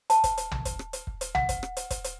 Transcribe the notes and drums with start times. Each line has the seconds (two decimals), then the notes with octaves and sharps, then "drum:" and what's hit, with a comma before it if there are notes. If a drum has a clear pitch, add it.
0.10 A5, drum: hi-hat
0.24 drum: kick, hi-hat
0.38 drum: hi-hat
0.51 drum: tom
0.65 drum: kick, hi-hat
0.79 drum: rim click
0.93 drum: hi-hat
1.07 drum: kick
1.21 drum: hi-hat
1.35 F#5, drum: tom
1.49 drum: kick, hi-hat
1.63 drum: rim click
1.77 drum: hi-hat
1.90 drum: kick, hi-hat
2.04 drum: hi-hat